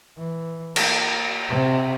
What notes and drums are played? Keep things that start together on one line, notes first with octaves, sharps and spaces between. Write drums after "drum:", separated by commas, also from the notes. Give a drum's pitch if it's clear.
E3
A#3, drum: cymbal
C3